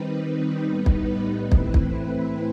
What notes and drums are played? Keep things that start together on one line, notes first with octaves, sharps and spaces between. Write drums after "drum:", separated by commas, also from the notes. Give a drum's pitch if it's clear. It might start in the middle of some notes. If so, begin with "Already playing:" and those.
Already playing: D#3 G3 C4 D#4 B4
A2 G3 B3 D#4
drum: kick
A2 E3 A3 C4 E4, drum: kick
drum: kick